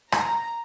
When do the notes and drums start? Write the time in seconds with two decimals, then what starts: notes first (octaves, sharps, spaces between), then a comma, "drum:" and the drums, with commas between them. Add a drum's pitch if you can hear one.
0.12 A#5, drum: rim click